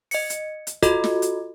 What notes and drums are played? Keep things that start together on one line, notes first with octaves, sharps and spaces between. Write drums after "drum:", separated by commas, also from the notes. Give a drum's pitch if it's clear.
D#5 C#7, drum: open hi-hat
drum: hi-hat
drum: hi-hat
F4 F#4 A4 D#5, drum: kick, hi-hat
drum: snare
drum: hi-hat